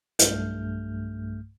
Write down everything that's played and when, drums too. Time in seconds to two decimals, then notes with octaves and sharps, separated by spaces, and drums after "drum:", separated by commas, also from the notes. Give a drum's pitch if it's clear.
0.19 B1 G2 A3 F6 G6, drum: hi-hat